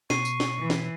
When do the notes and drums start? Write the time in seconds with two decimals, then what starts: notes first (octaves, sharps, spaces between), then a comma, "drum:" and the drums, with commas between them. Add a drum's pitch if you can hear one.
0.10 B2 C#6 C7 D#7, drum: snare
0.25 drum: tambourine
0.40 drum: snare
0.61 E3
0.70 drum: snare